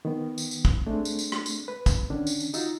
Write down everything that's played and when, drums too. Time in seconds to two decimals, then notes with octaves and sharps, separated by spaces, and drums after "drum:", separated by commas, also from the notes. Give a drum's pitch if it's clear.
0.05 D#3 B3
0.38 drum: tambourine
0.51 drum: tambourine
0.65 drum: kick
0.86 G#3 A3 C4 D4
1.05 drum: tambourine
1.19 drum: tambourine
1.32 drum: rim click
1.46 drum: tambourine
1.68 B4
1.86 drum: kick, tambourine
2.10 D3 D#3 C#4 D4
2.27 drum: tambourine
2.40 drum: tambourine
2.54 D#4 F4 F#4 E6, drum: tambourine